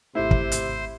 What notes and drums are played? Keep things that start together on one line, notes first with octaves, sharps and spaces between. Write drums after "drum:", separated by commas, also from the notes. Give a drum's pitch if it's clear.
G#1 C3 A3 E4 C5
drum: kick
drum: hi-hat